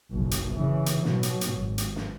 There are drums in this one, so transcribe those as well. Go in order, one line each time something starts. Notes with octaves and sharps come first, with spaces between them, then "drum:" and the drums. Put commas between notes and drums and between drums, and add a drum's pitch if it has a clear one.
F#1 B1
drum: hi-hat
C#3 E3
drum: hi-hat
B2 F#3, drum: snare
drum: hi-hat
drum: hi-hat
G#1
drum: hi-hat
drum: snare